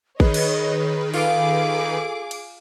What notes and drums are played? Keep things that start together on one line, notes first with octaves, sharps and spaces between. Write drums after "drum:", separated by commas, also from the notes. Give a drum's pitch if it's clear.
D#3 G#4 B4 C#5 D#5, drum: kick A1
drum: cymbal
F4 G#4 A4 D6, drum: open hi-hat
drum: cymbal